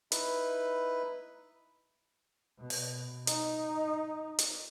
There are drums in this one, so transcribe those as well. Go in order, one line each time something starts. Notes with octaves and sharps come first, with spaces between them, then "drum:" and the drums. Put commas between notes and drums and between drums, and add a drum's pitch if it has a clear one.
D#4 E4 B4, drum: hi-hat
B2
drum: open hi-hat
D#4, drum: hi-hat
drum: hi-hat